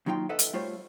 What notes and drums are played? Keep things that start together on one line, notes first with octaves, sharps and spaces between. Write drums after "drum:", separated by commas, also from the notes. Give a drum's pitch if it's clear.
D#2 F#3 D#4 F4 G5 C6
A4 B4 D#5 E5 F#5
drum: hi-hat
G3 A3 F4 C5 C#5